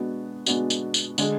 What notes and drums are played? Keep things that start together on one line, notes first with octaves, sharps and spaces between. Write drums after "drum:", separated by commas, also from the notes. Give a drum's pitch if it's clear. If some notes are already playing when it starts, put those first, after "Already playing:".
Already playing: B2 G#3 B3 D4 F#4
B2 G#3 B3 D4 F#4, drum: tambourine
drum: tambourine
drum: tambourine
D3 G#3 D4 G#4, drum: tambourine